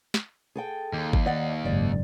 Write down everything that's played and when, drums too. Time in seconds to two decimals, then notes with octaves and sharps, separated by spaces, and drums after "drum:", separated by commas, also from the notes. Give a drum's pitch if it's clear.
0.14 drum: snare
0.55 G#4 A4 G5
0.93 D#2
1.13 drum: kick G1
1.26 D5 D#5 F#5
1.65 F#1 G#2 D5